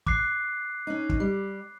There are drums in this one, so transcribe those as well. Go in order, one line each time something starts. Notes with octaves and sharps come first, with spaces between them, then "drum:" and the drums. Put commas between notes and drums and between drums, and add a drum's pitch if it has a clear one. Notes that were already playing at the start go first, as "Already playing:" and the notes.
D6 F#6 C7, drum: kick
C#4 D#4
drum: kick
G3